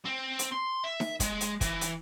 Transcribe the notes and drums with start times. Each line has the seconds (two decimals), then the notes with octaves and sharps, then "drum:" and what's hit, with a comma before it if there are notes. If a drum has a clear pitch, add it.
0.05 C4
0.39 drum: hi-hat
0.51 C6
0.84 E5
1.00 drum: snare D#4
1.20 G#3, drum: kick, hi-hat
1.41 drum: hi-hat
1.61 E3, drum: kick, hi-hat
1.81 drum: hi-hat